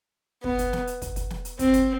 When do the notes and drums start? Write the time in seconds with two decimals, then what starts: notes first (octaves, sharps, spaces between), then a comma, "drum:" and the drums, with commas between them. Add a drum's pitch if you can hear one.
0.44 B3, drum: kick
0.59 drum: kick, hi-hat
0.73 drum: snare
0.87 drum: hi-hat
1.02 drum: kick, hi-hat
1.16 drum: kick, hi-hat
1.30 drum: snare
1.45 drum: hi-hat
1.59 C4, drum: kick, hi-hat
1.74 drum: kick, hi-hat